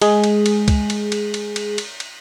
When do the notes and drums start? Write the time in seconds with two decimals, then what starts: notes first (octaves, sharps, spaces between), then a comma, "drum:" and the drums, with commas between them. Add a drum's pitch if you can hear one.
0.02 G#3 G#4, drum: cymbal
0.24 drum: cymbal
0.46 drum: cymbal
0.68 drum: kick C2, cymbal
0.90 drum: cymbal
1.12 drum: cymbal
1.34 drum: cymbal
1.56 drum: cymbal
1.78 drum: cymbal
2.00 drum: cymbal